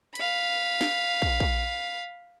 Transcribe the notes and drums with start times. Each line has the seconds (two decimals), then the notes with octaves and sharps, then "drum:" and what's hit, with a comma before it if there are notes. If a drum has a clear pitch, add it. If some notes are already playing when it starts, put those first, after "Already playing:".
0.15 F5 B5, drum: hi-hat
0.81 drum: snare
1.22 drum: kick
1.40 drum: kick